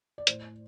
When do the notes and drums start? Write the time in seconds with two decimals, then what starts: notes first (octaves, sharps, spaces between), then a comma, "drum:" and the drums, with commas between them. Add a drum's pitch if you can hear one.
0.18 D5
0.27 A2 C5, drum: hi-hat